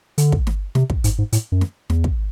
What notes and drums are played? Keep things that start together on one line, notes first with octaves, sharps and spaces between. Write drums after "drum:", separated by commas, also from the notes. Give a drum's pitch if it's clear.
D3, drum: hi-hat
drum: kick
drum: snare
C3, drum: snare
drum: kick
G#2, drum: hi-hat
G#2
A2, drum: hi-hat
F#2
drum: snare
E2, drum: snare
drum: kick